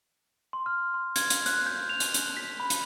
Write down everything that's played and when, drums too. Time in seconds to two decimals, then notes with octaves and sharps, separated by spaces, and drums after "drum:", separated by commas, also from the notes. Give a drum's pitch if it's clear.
0.53 C6
0.66 F6
0.94 C6
1.16 G#6, drum: hi-hat
1.30 drum: hi-hat
1.46 F#6, drum: hi-hat
1.66 G6
1.89 F7
2.00 drum: hi-hat
2.14 F#6, drum: hi-hat
2.37 B6
2.60 B5
2.70 drum: hi-hat